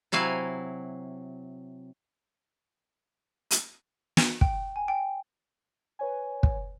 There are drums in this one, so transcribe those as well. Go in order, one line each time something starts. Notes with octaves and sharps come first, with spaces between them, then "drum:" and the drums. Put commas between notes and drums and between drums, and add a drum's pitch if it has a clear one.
C3 F#3 E4 F5 G#5
drum: hi-hat
drum: snare
G5, drum: kick
G#5
G5
B4 C#5 G#5
drum: kick